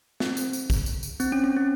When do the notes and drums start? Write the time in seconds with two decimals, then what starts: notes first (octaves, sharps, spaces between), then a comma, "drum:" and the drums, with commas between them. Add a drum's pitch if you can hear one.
0.20 C4, drum: snare
0.37 drum: tambourine
0.53 drum: tambourine
0.70 drum: kick A1, tambourine
0.86 drum: tambourine
1.03 drum: tambourine
1.20 C4, drum: tambourine
1.32 C#4
1.44 C#4
1.56 C4